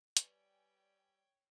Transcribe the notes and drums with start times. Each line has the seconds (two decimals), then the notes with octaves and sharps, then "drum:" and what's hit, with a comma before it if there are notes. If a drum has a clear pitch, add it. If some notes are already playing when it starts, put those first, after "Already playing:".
0.17 G3 B4 C#5 D5 G5 G#5, drum: hi-hat